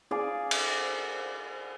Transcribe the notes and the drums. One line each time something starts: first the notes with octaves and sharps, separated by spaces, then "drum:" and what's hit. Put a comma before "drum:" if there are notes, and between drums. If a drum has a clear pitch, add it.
G#4 D5 F5
drum: cymbal